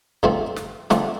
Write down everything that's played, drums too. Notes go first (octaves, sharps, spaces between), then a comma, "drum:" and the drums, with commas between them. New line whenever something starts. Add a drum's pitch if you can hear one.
D3 F3 A3 C4, drum: kick
drum: snare
D3 F3 A3 C4, drum: snare